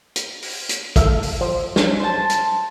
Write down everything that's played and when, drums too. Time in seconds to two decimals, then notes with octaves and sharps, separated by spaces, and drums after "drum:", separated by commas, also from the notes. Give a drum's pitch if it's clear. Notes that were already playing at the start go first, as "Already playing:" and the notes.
0.16 drum: hi-hat
0.42 drum: open hi-hat
0.69 drum: hi-hat
0.96 A3 E5 F5, drum: kick, hi-hat
1.23 drum: open hi-hat
1.41 F3
1.76 drum: snare
2.00 C5 A5
2.30 drum: hi-hat